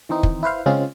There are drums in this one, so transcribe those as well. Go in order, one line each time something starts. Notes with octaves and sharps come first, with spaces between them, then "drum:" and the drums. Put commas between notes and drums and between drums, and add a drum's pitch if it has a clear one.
D#3 E3 C4 D#4
drum: kick
E4 B4 C5 F5
C#3 G#3 C4 C#4 F4